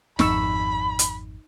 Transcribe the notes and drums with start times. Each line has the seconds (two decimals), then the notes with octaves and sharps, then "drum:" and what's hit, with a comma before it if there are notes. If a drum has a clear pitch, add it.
0.19 G#1 F2 D#4 B5 C#6 E6, drum: snare
0.99 drum: hi-hat